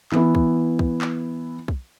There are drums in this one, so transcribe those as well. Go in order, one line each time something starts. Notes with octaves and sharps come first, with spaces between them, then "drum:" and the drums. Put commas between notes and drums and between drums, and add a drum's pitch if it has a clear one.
E3 B3 E4, drum: clap
drum: kick
drum: kick
drum: clap
drum: kick